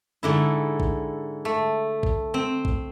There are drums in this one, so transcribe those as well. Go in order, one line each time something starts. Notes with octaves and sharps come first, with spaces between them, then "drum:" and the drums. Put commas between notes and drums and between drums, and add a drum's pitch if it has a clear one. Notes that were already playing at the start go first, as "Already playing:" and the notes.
G#2 D3 E4
drum: kick
A3
drum: kick
C4
drum: kick